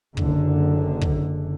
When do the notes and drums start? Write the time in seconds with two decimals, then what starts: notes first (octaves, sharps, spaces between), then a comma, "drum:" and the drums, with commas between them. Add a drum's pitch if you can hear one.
0.17 F#1 D3, drum: kick
1.01 drum: kick